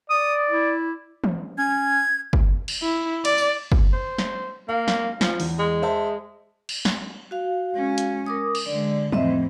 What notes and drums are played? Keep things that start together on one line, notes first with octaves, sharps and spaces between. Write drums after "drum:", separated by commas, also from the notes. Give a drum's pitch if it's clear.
D5 D#6
E4
drum: tom E3
C#4 G#6
drum: kick
drum: cymbal
E4
D5, drum: cymbal
drum: tambourine
drum: kick
C5
drum: snare
A#3 F5
drum: snare
F3, drum: snare
E2, drum: open hi-hat
G#3
C5 E5 A5
drum: cymbal
drum: snare
F#4 F5
G#3 C#4
drum: hi-hat
A#4 D6 D#6
drum: cymbal
D3 G#3 D5
F2 A2 C4 D#5 E5, drum: tom E3